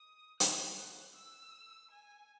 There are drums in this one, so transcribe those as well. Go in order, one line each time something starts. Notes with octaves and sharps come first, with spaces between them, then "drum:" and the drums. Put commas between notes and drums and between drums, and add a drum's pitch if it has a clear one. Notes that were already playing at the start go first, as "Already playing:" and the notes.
Already playing: D#6
F#6, drum: hi-hat
F#6
E6
G#5